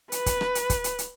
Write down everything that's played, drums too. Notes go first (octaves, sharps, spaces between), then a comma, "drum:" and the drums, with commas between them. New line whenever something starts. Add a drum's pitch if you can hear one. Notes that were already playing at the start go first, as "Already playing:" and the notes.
B4, drum: hi-hat
drum: kick, hi-hat
drum: rim click
drum: hi-hat
drum: kick, hi-hat
drum: hi-hat
drum: hi-hat